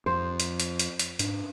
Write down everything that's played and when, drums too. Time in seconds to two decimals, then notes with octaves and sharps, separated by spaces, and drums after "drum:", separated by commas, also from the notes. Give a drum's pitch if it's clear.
0.06 F2 C5
0.40 drum: hi-hat
0.60 drum: hi-hat
0.79 drum: hi-hat
0.99 drum: hi-hat
1.19 G#2 D4, drum: hi-hat